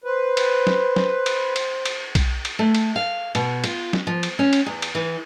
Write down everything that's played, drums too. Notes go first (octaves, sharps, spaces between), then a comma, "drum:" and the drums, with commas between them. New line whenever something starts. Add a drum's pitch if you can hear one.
B4 C5
drum: cymbal
drum: snare
drum: snare
drum: cymbal
drum: cymbal
drum: cymbal
drum: kick B1, cymbal
drum: cymbal
A3
drum: cymbal
F5
B2, drum: cymbal
F4, drum: cymbal
drum: snare
F3
drum: cymbal
C#4
drum: cymbal
E2
drum: cymbal
E3